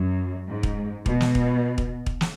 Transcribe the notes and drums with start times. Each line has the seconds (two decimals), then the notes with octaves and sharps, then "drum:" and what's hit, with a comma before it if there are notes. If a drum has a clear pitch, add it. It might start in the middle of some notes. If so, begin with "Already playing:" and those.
Already playing: F#2
0.49 G#2
0.63 drum: kick
1.06 B2, drum: kick
1.21 drum: snare
1.35 drum: kick
1.78 drum: kick
2.06 drum: kick
2.21 drum: snare